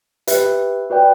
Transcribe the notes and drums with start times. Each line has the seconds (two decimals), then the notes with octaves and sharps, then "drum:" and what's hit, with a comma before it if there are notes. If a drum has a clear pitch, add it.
0.27 G4 B4 E5, drum: hi-hat
0.90 F#4 B4 D5 G5